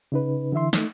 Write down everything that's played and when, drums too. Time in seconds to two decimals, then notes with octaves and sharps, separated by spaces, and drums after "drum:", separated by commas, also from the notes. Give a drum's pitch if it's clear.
0.12 C#3 D#4 B4
0.52 D3 E3 E4 E5 C6
0.73 A3 D#4, drum: snare